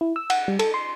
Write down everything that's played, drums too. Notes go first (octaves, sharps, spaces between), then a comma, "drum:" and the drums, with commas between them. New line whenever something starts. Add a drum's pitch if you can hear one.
E4
E6
F#5, drum: cymbal
G3
A4, drum: cymbal
C6